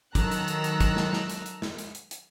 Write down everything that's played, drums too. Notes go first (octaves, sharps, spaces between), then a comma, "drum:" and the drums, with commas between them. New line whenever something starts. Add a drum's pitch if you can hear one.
D#3 F#3 A4 A#5 E6 F#6, drum: kick, hi-hat
drum: hi-hat
drum: hi-hat
drum: hi-hat
drum: kick, hi-hat
drum: snare
drum: snare
drum: hi-hat
drum: hi-hat
drum: snare
drum: hi-hat
drum: hi-hat
drum: hi-hat